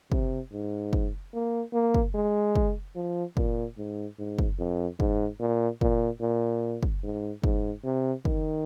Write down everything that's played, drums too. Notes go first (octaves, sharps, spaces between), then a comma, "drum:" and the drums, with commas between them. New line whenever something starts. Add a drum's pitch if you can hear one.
C3, drum: kick
G#2
drum: kick
A#3
A#3
drum: kick
G#3
drum: kick
F3
A#2, drum: kick
G#2
G#2
drum: kick
F2
G#2, drum: kick
A#2
A#2, drum: kick
A#2
drum: kick
G#2
G#2, drum: kick
C3
D#3, drum: kick